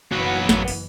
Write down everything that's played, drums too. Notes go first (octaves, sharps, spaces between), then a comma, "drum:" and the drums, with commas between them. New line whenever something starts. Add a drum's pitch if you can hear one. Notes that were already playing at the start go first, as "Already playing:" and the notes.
F#1 E3 F#3 A#3 B3 F#4 B4
A1, drum: snare
drum: open hi-hat